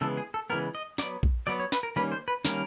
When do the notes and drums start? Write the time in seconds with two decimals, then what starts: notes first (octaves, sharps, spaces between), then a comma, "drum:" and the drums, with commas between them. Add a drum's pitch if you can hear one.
0.01 C#3 E3 G#3 B3 A4
0.17 G#4
0.34 A4
0.50 C#3 E3 G#3 B3 A#4
0.75 D#5
0.98 F#3 B3 D5, drum: snare
1.23 drum: kick A#1
1.47 F#3 B3 D5
1.60 C#5
1.72 B4, drum: snare
1.83 A#4
1.96 D#3 G3 A#3 C#4 B4
2.12 C5
2.28 B4
2.45 D#3 G3 A#3 C#4 A#4, drum: snare